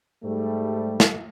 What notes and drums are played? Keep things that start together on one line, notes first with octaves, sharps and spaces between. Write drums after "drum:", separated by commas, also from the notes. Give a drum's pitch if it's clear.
G#2 G3 A3
drum: snare